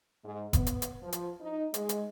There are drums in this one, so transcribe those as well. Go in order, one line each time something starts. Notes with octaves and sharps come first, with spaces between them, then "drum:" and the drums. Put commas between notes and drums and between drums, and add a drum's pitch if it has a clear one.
G#2
B3, drum: kick F1, hi-hat
drum: hi-hat
drum: hi-hat
F3
drum: hi-hat
D#4
G#3, drum: hi-hat
drum: hi-hat